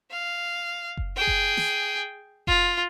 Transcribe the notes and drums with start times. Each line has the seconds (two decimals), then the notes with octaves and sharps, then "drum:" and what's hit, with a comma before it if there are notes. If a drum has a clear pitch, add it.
0.11 F5
0.97 drum: kick F#1
1.16 G#4 G5
1.27 drum: kick F#1
1.57 drum: snare
2.47 F4, drum: kick F#1